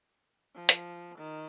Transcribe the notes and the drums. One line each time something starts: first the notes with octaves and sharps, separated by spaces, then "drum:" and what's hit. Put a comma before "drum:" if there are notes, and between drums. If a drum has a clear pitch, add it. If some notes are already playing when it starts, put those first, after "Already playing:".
F3
drum: hi-hat
D#3